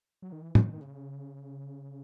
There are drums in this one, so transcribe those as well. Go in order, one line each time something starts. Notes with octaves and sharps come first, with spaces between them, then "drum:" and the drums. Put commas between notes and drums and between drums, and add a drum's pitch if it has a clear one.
F#3
D#3
E3
E3, drum: tom
D#3
D#3
C#3